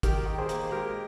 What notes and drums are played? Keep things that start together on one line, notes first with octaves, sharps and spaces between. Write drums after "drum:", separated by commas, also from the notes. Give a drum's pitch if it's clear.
D#3 G4 A#4, drum: kick, hi-hat
D#3
G#4 C5
A#3, drum: hi-hat
G#3 G4 A#4